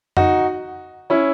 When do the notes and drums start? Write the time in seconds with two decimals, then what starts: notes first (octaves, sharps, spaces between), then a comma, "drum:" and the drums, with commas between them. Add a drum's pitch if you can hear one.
0.17 D#4 F#4, drum: tom F2
1.10 C#4 E4